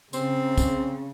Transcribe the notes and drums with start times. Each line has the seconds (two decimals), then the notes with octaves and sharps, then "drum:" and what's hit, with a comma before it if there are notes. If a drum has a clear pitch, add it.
0.13 C#3 C4, drum: tambourine
0.58 drum: kick, tambourine